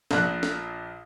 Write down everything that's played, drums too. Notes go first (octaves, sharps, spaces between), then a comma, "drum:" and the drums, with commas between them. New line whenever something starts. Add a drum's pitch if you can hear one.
A#1 A#2 F#6, drum: snare
drum: snare